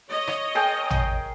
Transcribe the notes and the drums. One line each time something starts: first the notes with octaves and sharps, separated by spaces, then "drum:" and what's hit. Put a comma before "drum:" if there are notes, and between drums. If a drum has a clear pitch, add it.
C#5 D#5
drum: rim click
G#4 A#4 G5
drum: tom